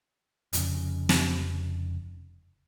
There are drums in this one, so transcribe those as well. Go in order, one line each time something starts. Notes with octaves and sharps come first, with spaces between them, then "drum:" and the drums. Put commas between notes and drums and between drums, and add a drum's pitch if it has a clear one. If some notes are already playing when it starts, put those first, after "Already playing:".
F1 F2 C#3, drum: hi-hat
drum: snare